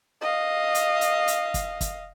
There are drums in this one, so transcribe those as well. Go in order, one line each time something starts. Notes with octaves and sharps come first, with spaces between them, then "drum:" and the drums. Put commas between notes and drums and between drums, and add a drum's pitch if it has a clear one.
D#5 F5
drum: hi-hat
drum: hi-hat
drum: hi-hat
drum: kick, hi-hat
drum: kick, hi-hat